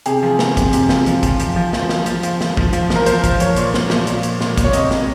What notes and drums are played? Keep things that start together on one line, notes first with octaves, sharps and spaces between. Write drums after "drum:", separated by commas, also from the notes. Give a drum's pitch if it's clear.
C3 G#4, drum: hi-hat
F3
C3, drum: snare
C3, drum: kick A1, hi-hat
C3, drum: hi-hat
F3, drum: snare
F3, drum: hi-hat
F3, drum: kick A1, hi-hat
F3, drum: hi-hat
F3
F3, drum: snare
F3, drum: snare
F3, drum: hi-hat
F3, drum: hi-hat
F3, drum: snare
F3, drum: kick A1
F3, drum: hi-hat
F3, drum: snare
A#4
F3 C5, drum: hi-hat
F3, drum: kick A1, hi-hat
F3 C#5, drum: hi-hat
A#2, drum: hi-hat
A#2, drum: snare
F3, drum: snare
A#2, drum: hi-hat
A#2, drum: hi-hat
A#2, drum: snare
A#2, drum: kick A1, hi-hat
C#5
C3 D#5, drum: hi-hat
C3, drum: snare